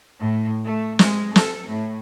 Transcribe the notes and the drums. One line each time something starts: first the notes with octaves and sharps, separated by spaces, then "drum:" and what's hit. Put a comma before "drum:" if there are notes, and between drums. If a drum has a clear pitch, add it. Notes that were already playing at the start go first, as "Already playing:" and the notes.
A2
A3
G#3, drum: snare
A4, drum: snare
A2